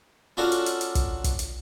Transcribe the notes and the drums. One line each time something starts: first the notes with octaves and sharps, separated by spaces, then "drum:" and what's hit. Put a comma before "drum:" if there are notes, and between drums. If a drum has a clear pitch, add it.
C#4 D4 F4 F#4 A4 A#4
drum: hi-hat
drum: hi-hat
drum: hi-hat
drum: kick, hi-hat
drum: kick, hi-hat
drum: hi-hat